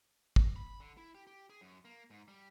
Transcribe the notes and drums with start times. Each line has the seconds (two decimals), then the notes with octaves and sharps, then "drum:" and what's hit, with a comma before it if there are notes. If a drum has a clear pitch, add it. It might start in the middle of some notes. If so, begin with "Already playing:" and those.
0.36 drum: kick
0.56 B5
0.80 D3
0.97 E4
1.15 G4
1.27 G4
1.50 G#4
1.61 F#2
1.85 A#3
2.10 G#2
2.28 G3